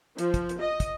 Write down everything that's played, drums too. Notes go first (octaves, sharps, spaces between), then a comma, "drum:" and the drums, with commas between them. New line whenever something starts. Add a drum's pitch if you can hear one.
F3, drum: hi-hat
drum: kick, hi-hat
drum: hi-hat
D#5
drum: kick, hi-hat